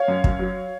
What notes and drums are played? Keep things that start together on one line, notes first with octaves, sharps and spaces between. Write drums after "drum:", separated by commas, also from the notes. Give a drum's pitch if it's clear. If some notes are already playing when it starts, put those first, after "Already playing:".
Already playing: C#5 F5
F#2
F#2, drum: kick
F#3